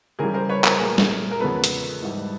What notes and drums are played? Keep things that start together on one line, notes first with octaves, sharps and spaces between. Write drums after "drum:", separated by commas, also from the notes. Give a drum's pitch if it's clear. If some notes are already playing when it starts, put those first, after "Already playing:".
C#3 E3 G3 G#4 A#4
A#4 C5
B4 C#5
A#4 C5, drum: clap
A#2 F#3 A3 G#4 A#4
drum: snare
A#4
E2 C#3 F3 G#3 B3 A4 B4
drum: hi-hat
G#2 E3 G3